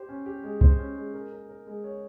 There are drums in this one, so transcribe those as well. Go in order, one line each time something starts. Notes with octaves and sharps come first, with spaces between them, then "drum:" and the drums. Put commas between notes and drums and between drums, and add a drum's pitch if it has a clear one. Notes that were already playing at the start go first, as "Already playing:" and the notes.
Already playing: G4 C5
C#4
G4
G#3
C5, drum: kick
C#4
G#3
A#4
A#4
A#4
G#3
C#5